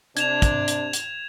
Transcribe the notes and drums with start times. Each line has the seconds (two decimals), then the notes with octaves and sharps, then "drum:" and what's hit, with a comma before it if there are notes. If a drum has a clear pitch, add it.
0.17 C3 D4 G#6 E7 F7, drum: hi-hat
0.42 drum: kick, hi-hat
0.68 drum: hi-hat
0.93 drum: hi-hat